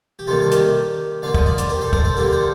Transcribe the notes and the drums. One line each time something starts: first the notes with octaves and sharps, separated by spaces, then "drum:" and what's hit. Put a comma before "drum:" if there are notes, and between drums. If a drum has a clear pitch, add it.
G4
C3 D#3 G3 A#3 F4 A4
A4
G4 A#4, drum: hi-hat
D3 F3 A#3 F5
D#5, drum: kick
D5
C5, drum: hi-hat
G4 A#4
A4 C5
A4 C5, drum: kick
A4 C5
D3 G3 A#3 G4 A#4
A4 C5